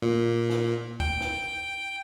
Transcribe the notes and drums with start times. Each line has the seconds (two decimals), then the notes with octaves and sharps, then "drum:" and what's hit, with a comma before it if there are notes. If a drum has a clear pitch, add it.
0.02 A#2
0.50 drum: snare
1.00 G5, drum: kick
1.21 drum: snare